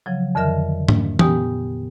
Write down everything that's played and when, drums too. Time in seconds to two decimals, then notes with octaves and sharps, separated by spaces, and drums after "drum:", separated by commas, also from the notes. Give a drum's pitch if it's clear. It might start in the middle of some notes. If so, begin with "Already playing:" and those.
0.06 C#3 F3 F#3
0.35 F2 D3 D#3 A#4 E5 F6
0.88 drum: tom G#2
1.19 A#2 B3 G4 G5 G#5 D#6, drum: tom E3